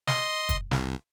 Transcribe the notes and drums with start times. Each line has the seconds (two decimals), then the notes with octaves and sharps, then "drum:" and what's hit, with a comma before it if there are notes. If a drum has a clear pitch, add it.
0.07 D#5 C6, drum: snare
0.49 drum: kick, hi-hat
0.71 C2, drum: snare